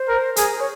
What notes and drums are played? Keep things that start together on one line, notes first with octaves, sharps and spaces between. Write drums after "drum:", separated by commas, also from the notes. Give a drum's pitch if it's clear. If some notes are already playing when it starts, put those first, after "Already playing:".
Already playing: C5
A#4
G#4 A#4, drum: hi-hat
C#5